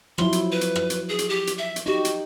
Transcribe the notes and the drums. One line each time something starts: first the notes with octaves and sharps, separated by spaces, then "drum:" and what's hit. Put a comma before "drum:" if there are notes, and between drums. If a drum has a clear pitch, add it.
F3 F#3 E4 C6, drum: rim click
drum: hi-hat
B4
drum: hi-hat
drum: rim click
drum: hi-hat
G#4
drum: hi-hat
G4
drum: hi-hat
E5
drum: hi-hat
D#4 F#4 G4
drum: hi-hat